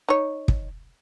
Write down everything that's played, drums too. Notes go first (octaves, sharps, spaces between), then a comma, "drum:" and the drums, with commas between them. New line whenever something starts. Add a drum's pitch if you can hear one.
D#4 C#5
drum: kick